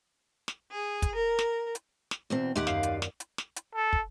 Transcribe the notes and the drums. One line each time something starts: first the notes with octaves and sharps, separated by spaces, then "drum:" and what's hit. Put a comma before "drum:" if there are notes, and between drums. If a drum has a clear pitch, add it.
drum: snare
G#4
drum: kick, hi-hat
A#4
drum: snare
drum: hi-hat
drum: snare
E2 B2 C4
D#2 D#4 G4 E5 F#5 C6
F#2 F5, drum: snare
D5 C7 D#7, drum: hi-hat
drum: snare
drum: hi-hat
drum: snare
drum: hi-hat
A4
drum: kick